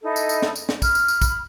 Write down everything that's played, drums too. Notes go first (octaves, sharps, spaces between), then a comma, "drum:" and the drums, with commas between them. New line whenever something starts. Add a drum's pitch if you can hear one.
D#4 E4 A4 D#5
drum: tambourine
drum: tambourine
drum: snare
drum: tambourine
drum: snare
B5 F6, drum: kick, tambourine
drum: tambourine
drum: tambourine
drum: kick, tambourine